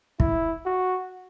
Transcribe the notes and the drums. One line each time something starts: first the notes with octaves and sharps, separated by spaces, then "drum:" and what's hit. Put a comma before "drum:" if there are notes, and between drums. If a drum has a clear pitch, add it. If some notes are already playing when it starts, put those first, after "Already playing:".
E4, drum: kick
F#4